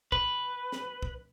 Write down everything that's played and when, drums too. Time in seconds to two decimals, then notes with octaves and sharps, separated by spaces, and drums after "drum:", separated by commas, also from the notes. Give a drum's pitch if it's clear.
0.12 B4, drum: kick
0.72 drum: snare
1.03 drum: kick